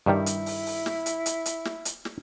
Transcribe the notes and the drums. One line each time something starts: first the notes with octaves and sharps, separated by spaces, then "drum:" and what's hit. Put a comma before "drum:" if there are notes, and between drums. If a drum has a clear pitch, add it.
G2 D#3 G3 E4
drum: hi-hat
drum: open hi-hat
drum: open hi-hat
drum: snare
drum: hi-hat
drum: hi-hat
drum: hi-hat
drum: snare
drum: hi-hat
drum: snare